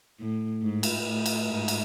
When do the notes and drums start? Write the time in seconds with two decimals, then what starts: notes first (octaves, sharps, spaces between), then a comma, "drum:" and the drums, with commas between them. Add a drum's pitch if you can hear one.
0.20 A2
0.62 G#2
0.83 drum: cymbal
1.04 A2
1.26 drum: cymbal
1.47 G#2
1.68 drum: cymbal